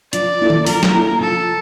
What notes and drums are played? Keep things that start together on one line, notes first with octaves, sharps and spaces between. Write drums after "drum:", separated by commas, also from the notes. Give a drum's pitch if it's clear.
F3 D5, drum: hi-hat
A#3 E4 A4
drum: tom D#3
F3 A#4, drum: open hi-hat
drum: snare
A#3 E4 A4
F3 A4